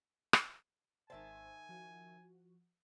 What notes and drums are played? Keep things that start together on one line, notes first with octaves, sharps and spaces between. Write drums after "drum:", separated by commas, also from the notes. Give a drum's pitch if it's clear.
drum: rim click
G#1 D#3 C5 E5 G#5 A5
F3 F#4